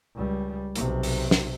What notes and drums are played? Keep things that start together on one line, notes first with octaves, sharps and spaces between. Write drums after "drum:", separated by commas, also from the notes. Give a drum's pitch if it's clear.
C#2 G3
B1 C3, drum: hi-hat
drum: open hi-hat
drum: snare